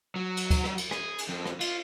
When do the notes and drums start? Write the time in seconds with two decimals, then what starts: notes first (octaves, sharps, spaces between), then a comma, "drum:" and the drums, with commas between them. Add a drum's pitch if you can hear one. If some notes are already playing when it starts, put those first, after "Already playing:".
0.16 F#3
0.37 drum: cymbal
0.50 drum: kick D2, cymbal
0.64 drum: rim click
0.78 drum: cymbal
0.91 G#4, drum: rim click
1.18 drum: cymbal
1.29 F2
1.46 drum: rim click
1.60 F4, drum: cymbal